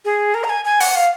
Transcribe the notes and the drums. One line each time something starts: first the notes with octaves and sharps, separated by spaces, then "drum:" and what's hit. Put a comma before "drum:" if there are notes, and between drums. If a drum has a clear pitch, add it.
G#4
A#4
A#5
G#5
G#5
F#5, drum: open hi-hat
F5